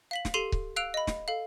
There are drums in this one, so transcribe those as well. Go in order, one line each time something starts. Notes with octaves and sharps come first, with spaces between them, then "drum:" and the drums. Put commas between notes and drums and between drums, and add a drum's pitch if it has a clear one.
F5 B6 F#7
drum: snare
G4 A4 C6 C7 D#7 F7
drum: kick C#1
F5 E6 F#6 D7 F7
D#5 B5
drum: snare
A4 F5